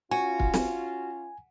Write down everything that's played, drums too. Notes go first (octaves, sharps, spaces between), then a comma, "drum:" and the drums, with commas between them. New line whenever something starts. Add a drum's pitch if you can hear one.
C#4 F4 F#4 G#5
drum: kick
drum: snare